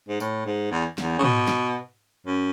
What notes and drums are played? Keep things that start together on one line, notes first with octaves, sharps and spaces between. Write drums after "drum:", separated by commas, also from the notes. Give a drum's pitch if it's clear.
G#2
A2, drum: tambourine
G#2
E2
E2, drum: snare
C#3
B2, drum: tom
drum: snare
F#2